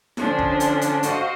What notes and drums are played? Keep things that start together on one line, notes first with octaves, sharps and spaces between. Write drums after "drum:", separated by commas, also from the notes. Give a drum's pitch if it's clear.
D3 F3 C#4 D4, drum: snare E4
drum: kick
drum: hi-hat
drum: hi-hat
F#4 C5 D#5 F5, drum: hi-hat